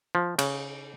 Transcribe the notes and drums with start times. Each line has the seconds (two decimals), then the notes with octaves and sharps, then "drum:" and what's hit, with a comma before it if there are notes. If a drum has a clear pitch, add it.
0.15 F3
0.39 C#3, drum: cymbal